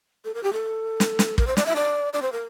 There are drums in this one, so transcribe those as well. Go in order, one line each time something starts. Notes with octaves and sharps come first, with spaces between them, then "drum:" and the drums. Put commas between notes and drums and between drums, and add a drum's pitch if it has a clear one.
A4
A#4
G4
A4
drum: snare
drum: snare
A#4, drum: kick
C5
D5, drum: snare
E5
D5
D5
C5
A#4